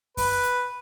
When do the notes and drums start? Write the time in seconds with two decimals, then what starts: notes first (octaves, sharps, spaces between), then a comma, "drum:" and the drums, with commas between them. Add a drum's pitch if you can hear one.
0.17 B4, drum: kick F#2, open hi-hat
0.43 drum: hi-hat